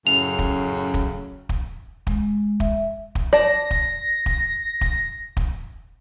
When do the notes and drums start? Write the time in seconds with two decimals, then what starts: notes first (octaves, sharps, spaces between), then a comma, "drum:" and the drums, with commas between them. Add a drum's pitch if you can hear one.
0.07 F#2 A2 C#3 F7
0.39 drum: kick
0.94 drum: kick
1.49 drum: kick
2.07 G#3, drum: kick
2.60 E5, drum: kick
3.15 drum: kick
3.33 D5 A5 A#6
3.71 drum: kick
4.26 drum: kick
4.81 drum: kick
5.37 drum: kick